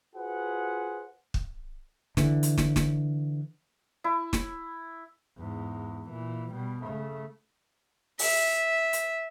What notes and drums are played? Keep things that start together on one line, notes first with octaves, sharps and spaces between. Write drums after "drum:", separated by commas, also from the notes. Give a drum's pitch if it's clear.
F4 F#4 G#4 B4 C5 F#5
drum: kick
D3 E3, drum: snare
drum: hi-hat
drum: snare
drum: snare
E4
drum: snare
E2 G#2
A#2 E3
B2 G3
C#3 A3
E5, drum: open hi-hat
drum: hi-hat